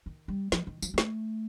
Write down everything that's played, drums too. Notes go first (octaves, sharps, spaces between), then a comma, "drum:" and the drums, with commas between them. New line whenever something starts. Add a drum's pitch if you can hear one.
D#3
G3
F3, drum: snare
D#3
F3, drum: tambourine
G3
A3, drum: snare